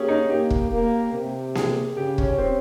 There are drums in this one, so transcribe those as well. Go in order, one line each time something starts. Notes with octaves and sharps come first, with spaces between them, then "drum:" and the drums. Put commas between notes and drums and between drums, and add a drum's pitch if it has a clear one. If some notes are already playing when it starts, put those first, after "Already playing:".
Already playing: A#3 C#4 G4 G#4
D#4
A#3 G4
drum: kick
A#3
C3
G#4, drum: snare A#3
C#3 G4
C#4, drum: kick
C#4
C4